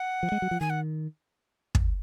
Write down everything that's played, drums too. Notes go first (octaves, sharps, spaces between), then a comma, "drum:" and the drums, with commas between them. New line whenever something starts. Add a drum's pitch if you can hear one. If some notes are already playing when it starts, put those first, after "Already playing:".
Already playing: F#5
F3
G#3
F#3
F3
D#3 G#5
F#5
drum: kick